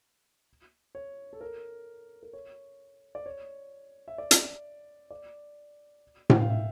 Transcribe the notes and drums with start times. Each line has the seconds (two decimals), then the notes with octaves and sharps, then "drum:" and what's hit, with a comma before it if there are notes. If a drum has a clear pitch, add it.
0.95 C#5
1.33 A4
1.41 A#4
2.23 A#4
2.33 C#5
3.15 D5
3.26 C#5
4.08 E5
4.18 D5
4.31 drum: hi-hat
5.10 D5
6.30 G5, drum: tom A2
6.40 F5
6.50 E5